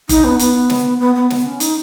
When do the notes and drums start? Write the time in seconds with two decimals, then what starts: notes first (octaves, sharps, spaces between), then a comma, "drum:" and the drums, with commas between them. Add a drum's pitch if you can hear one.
0.09 D#4, drum: kick G1, hi-hat
0.24 B3
0.39 B3, drum: hi-hat
0.70 drum: snare
1.00 B3
1.15 B3
1.30 B3, drum: snare
1.45 C#4
1.60 D#4, drum: hi-hat